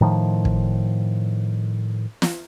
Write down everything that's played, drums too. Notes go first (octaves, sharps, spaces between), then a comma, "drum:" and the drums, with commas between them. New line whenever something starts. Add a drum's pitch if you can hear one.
A2 D#3 F3
drum: kick
drum: snare